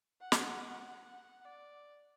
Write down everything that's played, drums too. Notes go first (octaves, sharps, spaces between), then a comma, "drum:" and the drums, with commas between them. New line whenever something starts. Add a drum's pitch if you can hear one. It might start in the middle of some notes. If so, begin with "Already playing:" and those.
F#5
drum: snare
F#5
D5